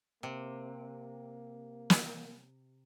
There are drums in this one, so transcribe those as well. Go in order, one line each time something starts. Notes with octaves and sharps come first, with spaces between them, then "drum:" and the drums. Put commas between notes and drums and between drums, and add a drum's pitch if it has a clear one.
C3 A#3
drum: snare